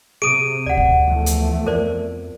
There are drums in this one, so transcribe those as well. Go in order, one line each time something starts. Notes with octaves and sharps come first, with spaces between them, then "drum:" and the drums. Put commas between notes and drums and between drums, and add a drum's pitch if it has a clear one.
C3 G#4 D#6 D7 D#7
D2 D5 F#5
drum: kick
E2 F3 A3
drum: hi-hat
F2 A#4 C5 D5